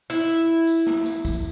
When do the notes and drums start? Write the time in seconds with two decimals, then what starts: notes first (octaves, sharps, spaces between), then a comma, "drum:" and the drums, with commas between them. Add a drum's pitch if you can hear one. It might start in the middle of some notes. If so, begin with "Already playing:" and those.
0.10 E4, drum: tambourine
0.29 drum: tambourine
0.67 drum: tambourine
0.87 drum: snare
1.06 drum: tambourine
1.25 drum: kick, tambourine